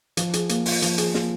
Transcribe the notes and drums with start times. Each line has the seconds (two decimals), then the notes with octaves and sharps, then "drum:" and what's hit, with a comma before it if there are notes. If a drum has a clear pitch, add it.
0.17 F3, drum: hi-hat
0.33 G#4, drum: hi-hat
0.49 A#3, drum: hi-hat
0.66 F4, drum: open hi-hat
0.82 F3, drum: hi-hat
0.98 G#4, drum: hi-hat
1.14 A#3, drum: snare